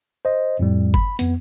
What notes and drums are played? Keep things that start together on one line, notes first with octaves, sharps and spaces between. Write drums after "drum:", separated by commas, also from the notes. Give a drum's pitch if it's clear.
C5 D#5
F2 A2 G3
B5, drum: kick G1
F2 B3, drum: hi-hat